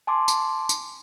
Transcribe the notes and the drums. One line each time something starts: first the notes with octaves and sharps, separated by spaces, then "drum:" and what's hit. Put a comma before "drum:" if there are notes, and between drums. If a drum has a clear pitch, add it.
G#5 A5 C6 D6
drum: tambourine
drum: tambourine